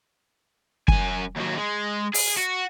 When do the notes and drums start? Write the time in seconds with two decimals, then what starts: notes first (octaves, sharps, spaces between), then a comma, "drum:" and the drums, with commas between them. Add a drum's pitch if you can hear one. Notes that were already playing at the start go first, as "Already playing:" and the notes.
0.88 F#2 G#5, drum: kick
1.37 D#2 F#3
1.58 G#3
2.14 G#4, drum: open hi-hat
2.38 F#4